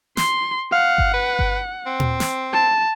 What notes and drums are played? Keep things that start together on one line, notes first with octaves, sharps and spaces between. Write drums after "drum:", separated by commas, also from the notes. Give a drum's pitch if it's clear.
C6, drum: snare
F5 F#5
drum: kick G1
B4
drum: kick G1
C4
drum: tom A#2
drum: snare
A5